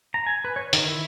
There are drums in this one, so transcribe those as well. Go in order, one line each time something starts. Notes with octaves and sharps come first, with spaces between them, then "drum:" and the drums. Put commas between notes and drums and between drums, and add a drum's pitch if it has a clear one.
A#5
G#5
B4
C#5
D#3, drum: hi-hat
E4